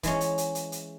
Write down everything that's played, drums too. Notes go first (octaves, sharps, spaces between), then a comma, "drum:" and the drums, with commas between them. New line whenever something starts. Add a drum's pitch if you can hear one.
E3 G#3 C#4, drum: kick C#1, hi-hat
drum: hi-hat
drum: hi-hat
drum: hi-hat
drum: hi-hat